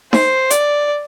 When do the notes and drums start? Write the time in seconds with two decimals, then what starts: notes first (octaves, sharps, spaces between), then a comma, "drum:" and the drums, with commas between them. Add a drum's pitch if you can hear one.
0.13 C5, drum: snare D#4
0.50 D5, drum: hi-hat